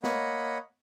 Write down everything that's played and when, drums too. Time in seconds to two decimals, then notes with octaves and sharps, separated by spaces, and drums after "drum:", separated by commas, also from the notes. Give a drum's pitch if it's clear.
0.04 A#3 C#5 D#5 F#5 B5, drum: snare